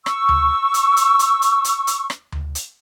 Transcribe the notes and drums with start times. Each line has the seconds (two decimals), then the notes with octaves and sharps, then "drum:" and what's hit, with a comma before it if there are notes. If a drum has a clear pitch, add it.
0.06 C#6 E6, drum: rim click
0.29 drum: tom D2
0.74 drum: hi-hat
0.97 drum: hi-hat
1.19 drum: hi-hat
1.42 drum: hi-hat
1.64 drum: hi-hat
1.87 drum: hi-hat
2.10 drum: rim click
2.32 drum: tom D2
2.55 drum: hi-hat